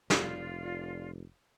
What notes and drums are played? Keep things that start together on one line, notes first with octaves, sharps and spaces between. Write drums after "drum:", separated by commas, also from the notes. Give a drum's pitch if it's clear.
F1 F4 D5, drum: snare